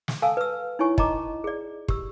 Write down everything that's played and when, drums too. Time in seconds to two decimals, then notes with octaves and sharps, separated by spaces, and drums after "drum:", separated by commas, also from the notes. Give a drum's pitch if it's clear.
0.08 drum: snare
0.22 A4 F5 G#5 A5 E6
0.37 B4 E6
0.79 D#4 E4 C#5 G#5 C#6
0.98 D#5 A5 A#5 D6, drum: kick
1.44 G#4 D5
1.88 G4 E6, drum: kick